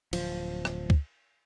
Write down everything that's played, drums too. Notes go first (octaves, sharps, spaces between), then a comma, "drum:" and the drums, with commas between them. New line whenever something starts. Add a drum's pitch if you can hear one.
D1 F3, drum: cymbal
drum: rim click
drum: kick